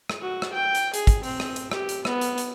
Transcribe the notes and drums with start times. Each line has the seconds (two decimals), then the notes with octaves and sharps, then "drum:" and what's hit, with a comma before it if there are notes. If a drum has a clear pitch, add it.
0.10 drum: rim click
0.21 F#4
0.42 drum: rim click
0.53 G5
0.75 drum: hi-hat
0.94 G#4, drum: hi-hat
1.07 drum: kick, hi-hat
1.23 C4, drum: open hi-hat
1.40 drum: rim click
1.56 drum: hi-hat
1.71 G4, drum: rim click
1.89 drum: hi-hat
2.05 B3, drum: rim click
2.21 drum: hi-hat
2.38 drum: hi-hat